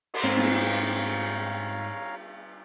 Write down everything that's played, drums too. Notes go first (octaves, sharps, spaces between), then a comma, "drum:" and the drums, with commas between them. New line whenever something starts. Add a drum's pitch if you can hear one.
drum: cymbal
G#2 C4 C#5 F5 A#5
drum: cymbal